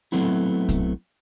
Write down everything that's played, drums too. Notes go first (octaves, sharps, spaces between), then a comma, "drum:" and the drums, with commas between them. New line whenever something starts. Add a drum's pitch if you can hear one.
F#3 A3 B3 C4 E4
drum: kick, hi-hat